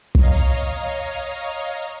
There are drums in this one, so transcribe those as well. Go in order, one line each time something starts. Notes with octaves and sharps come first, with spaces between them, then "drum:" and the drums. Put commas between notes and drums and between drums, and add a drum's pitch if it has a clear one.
C#5 D#5 F5 A#5, drum: kick